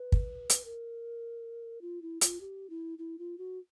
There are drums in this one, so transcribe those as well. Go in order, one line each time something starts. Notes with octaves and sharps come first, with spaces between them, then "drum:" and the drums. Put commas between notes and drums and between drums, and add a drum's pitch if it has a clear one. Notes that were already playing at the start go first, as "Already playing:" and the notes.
Already playing: B4
drum: kick
drum: hi-hat
A#4
F4
E4
F4, drum: hi-hat
G4
E4
E4
F4
F#4